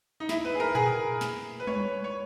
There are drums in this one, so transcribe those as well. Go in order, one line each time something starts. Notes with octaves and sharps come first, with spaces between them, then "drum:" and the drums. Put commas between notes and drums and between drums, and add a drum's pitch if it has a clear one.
D#4
E4, drum: snare
B4
G#4
A#4
G#4, drum: tom A#2
drum: snare
B4
C#5, drum: tom G3
C#5